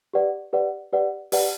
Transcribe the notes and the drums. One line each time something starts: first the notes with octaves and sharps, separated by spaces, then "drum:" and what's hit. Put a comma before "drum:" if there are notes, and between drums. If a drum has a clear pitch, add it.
G4 B4 D5 F#5
G4 B4 D5 F#5
G4 B4 D5 F#5
G4 B4 D5 F#5, drum: open hi-hat